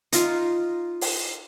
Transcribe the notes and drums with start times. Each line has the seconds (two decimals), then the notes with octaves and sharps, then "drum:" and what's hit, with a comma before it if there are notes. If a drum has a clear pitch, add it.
0.12 D#4 F4, drum: hi-hat
1.01 drum: open hi-hat